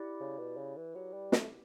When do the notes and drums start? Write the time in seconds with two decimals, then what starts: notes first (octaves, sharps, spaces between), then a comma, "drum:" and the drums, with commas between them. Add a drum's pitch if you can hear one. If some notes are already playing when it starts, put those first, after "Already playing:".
Already playing: E4 G4 D5
0.20 C#3
0.39 B2
0.57 C#3
0.76 E3
0.95 F#3 E4 G4 B4 D5
1.13 G3
1.32 A3, drum: snare